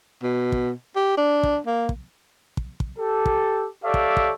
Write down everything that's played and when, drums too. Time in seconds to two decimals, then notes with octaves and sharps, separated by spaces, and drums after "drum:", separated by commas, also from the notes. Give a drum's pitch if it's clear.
0.23 B2
0.52 drum: kick
0.96 G4
1.17 D4
1.43 drum: kick
1.66 A#3
1.89 drum: kick
2.57 drum: kick
2.80 drum: kick
2.99 G4 A4
3.26 drum: kick
3.84 G4 A4 C#5 D5 E5 F5
3.94 drum: kick
4.17 drum: kick